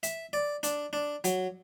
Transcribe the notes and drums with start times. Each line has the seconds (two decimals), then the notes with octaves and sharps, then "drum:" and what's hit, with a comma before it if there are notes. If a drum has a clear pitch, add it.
0.03 E5, drum: hi-hat
0.33 D5
0.63 D4, drum: hi-hat
0.93 D4
1.24 F#3, drum: hi-hat